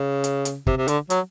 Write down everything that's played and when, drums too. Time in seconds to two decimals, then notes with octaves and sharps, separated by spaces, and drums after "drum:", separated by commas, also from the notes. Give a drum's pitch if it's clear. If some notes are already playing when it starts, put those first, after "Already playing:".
Already playing: C#3
0.24 drum: hi-hat
0.45 drum: hi-hat
0.67 C3, drum: kick
0.77 C3
0.88 D3, drum: hi-hat
1.10 F#3, drum: hi-hat